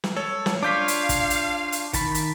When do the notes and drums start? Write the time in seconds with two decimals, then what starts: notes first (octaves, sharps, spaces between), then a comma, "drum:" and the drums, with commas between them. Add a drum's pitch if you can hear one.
0.04 drum: snare
0.17 A4 C#5
0.46 drum: snare
0.63 D4 F4 C#5 F5 D6 G6 B6
0.88 drum: hi-hat
1.09 drum: kick, hi-hat
1.30 drum: hi-hat
1.72 drum: hi-hat
1.93 D#3 A5 B5, drum: kick, hi-hat
2.15 drum: hi-hat